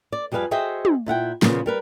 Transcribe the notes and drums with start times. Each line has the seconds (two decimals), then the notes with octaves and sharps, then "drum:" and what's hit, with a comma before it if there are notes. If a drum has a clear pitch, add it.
0.12 D5
0.32 F2 G3 G#4 B4 F5 G#5
0.51 F#4 G#4 C5 D#5 E5 G5
0.85 drum: tom
1.06 A#2 E4 F#5 G5
1.42 A#2 C#3 F3 A#3 B3, drum: snare
1.66 G3 A#4 B4